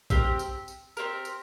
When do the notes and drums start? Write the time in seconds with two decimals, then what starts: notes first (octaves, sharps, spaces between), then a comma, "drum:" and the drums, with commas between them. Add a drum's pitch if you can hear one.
0.10 C4 G4 A#4, drum: kick, tambourine
0.39 drum: tambourine
0.68 drum: tambourine
0.97 C4 G4 A#4, drum: tambourine
1.25 drum: tambourine